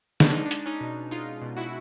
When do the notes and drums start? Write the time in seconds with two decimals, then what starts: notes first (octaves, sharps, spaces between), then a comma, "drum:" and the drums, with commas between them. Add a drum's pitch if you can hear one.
0.20 G#3 D4, drum: snare
0.33 D#4
0.46 D4
0.51 G#3, drum: hi-hat
0.66 C#4 D#4
0.81 B2
1.11 G#3 D#4 F4
1.42 B2
1.57 E4 F#4